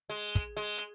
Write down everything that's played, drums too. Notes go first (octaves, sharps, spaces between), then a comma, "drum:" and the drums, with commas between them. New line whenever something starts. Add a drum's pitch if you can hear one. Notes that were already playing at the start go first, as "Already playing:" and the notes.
G#3
drum: kick, hi-hat
G#3
drum: hi-hat